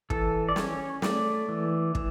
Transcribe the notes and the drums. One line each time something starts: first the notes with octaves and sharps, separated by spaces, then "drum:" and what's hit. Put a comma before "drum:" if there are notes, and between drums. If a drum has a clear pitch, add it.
E3 A4, drum: kick
D5
C#4 C#5, drum: snare
A3 D5, drum: snare
E3
E3, drum: kick